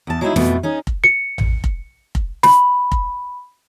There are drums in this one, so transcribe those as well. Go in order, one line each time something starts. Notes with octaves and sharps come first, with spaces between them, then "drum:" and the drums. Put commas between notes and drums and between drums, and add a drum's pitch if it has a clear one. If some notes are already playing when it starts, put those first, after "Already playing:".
E2 A5
F#3 G#3 B3 D#4 E4
F2 B2 E3 A3 B3, drum: snare
C#4 D#4 G#4
drum: kick F1
C#7
drum: tom A1
drum: kick F1
drum: kick F1
B5, drum: snare
drum: kick F1